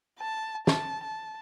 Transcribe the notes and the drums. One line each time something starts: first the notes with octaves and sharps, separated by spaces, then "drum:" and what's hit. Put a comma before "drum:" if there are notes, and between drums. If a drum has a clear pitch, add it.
A5
A5, drum: snare
A5